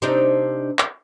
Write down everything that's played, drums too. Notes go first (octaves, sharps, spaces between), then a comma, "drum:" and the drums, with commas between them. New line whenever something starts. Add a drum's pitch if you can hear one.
C3 D4 D#4
drum: clap